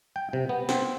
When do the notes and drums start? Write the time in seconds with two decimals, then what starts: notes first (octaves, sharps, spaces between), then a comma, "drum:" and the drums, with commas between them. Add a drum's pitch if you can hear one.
0.16 G5
0.33 C3
0.49 B3
0.69 C4, drum: snare